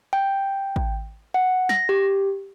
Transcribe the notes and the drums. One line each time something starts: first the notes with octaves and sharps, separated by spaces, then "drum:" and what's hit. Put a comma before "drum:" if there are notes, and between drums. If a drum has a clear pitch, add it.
G5
drum: kick A1
F#5
A#6, drum: snare
G4